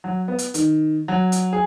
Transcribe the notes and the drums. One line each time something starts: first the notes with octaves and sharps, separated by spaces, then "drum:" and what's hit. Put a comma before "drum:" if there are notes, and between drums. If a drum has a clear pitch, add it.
F#3
B3
drum: hi-hat
D#3, drum: hi-hat
F#3
drum: hi-hat
G#4